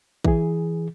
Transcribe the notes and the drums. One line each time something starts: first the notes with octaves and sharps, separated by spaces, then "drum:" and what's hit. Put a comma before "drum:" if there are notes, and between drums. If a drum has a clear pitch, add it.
E3 G#4, drum: kick